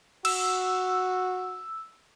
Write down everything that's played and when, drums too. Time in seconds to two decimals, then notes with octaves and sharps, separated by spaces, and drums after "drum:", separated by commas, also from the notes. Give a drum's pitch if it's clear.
0.25 F#4 E6, drum: cymbal